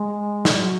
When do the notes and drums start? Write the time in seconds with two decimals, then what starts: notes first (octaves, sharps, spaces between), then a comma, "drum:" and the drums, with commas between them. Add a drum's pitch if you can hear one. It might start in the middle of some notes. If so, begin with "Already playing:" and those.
Already playing: G#3
0.45 drum: snare
0.57 F#3